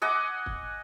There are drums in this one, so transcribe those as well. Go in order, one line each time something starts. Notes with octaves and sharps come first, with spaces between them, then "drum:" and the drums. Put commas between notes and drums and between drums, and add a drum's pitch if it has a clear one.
D#5 F#5 G#5 D6
drum: kick